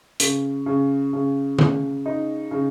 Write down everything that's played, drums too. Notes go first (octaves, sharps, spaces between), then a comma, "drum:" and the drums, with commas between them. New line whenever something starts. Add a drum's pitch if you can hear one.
C#3, drum: hi-hat
C#3
C#3
C#3, drum: tom D3
D#4
C#3